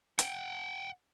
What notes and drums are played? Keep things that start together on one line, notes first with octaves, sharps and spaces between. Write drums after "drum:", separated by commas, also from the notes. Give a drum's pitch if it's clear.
F#5 G5, drum: hi-hat